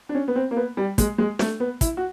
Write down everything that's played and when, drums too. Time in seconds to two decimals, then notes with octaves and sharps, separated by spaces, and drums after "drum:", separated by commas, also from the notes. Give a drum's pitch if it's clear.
0.09 D4
0.15 C#4
0.28 B3
0.36 C4
0.51 A#3
0.57 B3
0.77 G3
0.98 G#3, drum: kick, hi-hat
1.18 G#3
1.39 A3, drum: snare
1.60 B3
1.81 E4, drum: kick, hi-hat
1.97 F#4